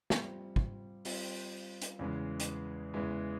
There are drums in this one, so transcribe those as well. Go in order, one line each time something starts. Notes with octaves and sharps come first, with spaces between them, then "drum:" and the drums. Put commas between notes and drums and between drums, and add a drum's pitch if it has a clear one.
G3 C4 F4, drum: snare
drum: kick
G3 C4 F4, drum: open hi-hat
drum: hi-hat
E2 C#3 E3 G#3
drum: hi-hat
E2 C#3 E3 G#3